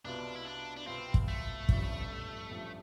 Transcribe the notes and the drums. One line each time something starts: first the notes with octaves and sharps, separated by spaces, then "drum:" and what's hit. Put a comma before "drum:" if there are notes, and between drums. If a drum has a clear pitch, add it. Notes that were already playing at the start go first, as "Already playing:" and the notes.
C2 B2 B3 D4 F4
E4
D4
D4
C2 B2 B3 C4 F4
drum: kick
A3
A1 G2 F3, drum: kick
A1 G2 F3